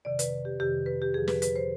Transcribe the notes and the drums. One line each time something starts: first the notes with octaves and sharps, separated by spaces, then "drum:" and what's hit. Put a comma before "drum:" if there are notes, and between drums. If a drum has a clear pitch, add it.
F2 C3 D#3 D5
B4, drum: hi-hat
G4
F2 C3 D#3 G4
B4
G4
F2 D3 F3 G#4
B4, drum: snare
B4, drum: hi-hat
C5